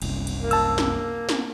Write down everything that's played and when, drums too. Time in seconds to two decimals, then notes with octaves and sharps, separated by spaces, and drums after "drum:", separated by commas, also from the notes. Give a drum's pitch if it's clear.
0.02 F#1 C2, drum: cymbal
0.27 drum: cymbal
0.40 A#3
0.51 A5 E6, drum: cymbal
0.78 drum: snare
1.29 drum: snare